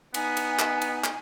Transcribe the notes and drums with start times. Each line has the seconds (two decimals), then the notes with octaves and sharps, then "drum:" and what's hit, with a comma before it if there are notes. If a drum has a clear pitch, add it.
0.14 B3 D#4 G#5, drum: cymbal
0.37 drum: cymbal
0.59 drum: clap
0.82 drum: cymbal
1.04 drum: clap